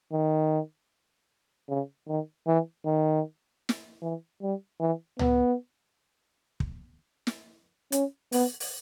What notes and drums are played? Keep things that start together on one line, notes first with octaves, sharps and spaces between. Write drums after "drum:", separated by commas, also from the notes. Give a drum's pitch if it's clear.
D#3
C#3
D#3
E3
D#3
drum: snare
E3
G3
E3
B3, drum: tom C#2
drum: kick
drum: snare
C#4, drum: hi-hat
B3, drum: open hi-hat
drum: open hi-hat